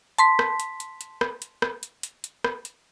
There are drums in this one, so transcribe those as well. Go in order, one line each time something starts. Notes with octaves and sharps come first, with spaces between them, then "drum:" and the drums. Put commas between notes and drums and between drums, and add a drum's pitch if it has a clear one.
A5 C6 B6, drum: hi-hat
drum: rim click
drum: hi-hat
drum: hi-hat
drum: hi-hat
drum: rim click
drum: hi-hat
drum: rim click
drum: hi-hat
drum: hi-hat
drum: hi-hat
drum: rim click
drum: hi-hat